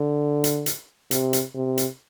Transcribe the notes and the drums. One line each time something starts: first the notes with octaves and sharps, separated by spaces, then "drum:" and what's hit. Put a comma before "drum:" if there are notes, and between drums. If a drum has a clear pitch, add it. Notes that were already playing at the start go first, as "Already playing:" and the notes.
Already playing: D3
drum: hi-hat
drum: hi-hat
C3, drum: hi-hat
drum: hi-hat
C3
drum: hi-hat